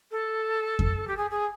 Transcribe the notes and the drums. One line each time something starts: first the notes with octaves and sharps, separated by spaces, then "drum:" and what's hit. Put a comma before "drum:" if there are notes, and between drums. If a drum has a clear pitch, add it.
A4
drum: kick F2
G4
G#4
G#4